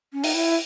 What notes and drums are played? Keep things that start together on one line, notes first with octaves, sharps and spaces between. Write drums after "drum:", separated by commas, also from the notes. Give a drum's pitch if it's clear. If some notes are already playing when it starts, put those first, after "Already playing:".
C#4
D#4, drum: open hi-hat
E4